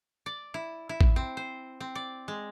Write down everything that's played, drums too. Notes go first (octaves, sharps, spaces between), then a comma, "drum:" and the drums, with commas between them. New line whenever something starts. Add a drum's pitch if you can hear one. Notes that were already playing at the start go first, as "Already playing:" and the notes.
D5
E4
E4
drum: kick A1
C4
C5
C4
D5
G#3